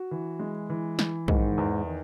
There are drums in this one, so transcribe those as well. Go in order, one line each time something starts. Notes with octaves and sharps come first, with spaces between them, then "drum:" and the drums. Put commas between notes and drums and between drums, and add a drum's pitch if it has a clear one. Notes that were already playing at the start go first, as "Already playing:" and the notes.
Already playing: F#4
E3
G#3
E3
E3, drum: snare
G#2 D#3, drum: kick
E2
D#3